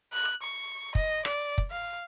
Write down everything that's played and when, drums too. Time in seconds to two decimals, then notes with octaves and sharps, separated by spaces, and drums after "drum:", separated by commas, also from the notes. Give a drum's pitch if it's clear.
0.13 F#6
0.43 C#6
0.95 D#5, drum: kick
1.25 D5, drum: rim click
1.58 drum: kick
1.71 F5